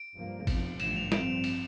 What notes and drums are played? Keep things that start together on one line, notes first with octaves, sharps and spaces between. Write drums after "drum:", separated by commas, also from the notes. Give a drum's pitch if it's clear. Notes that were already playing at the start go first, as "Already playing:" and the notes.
Already playing: D7
G2 F3 A#3
F1 E2 C3 F3, drum: kick G#1, cymbal
A1 G2 D3 F3 A3 E7, drum: cymbal
F7
G2 F3 C4 D7, drum: snare
drum: cymbal